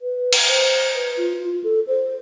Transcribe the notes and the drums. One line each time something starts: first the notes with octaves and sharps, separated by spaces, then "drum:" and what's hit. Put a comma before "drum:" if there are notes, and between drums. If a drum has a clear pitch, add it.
B4
drum: cymbal
C5
B4
F4
F4
A4
C5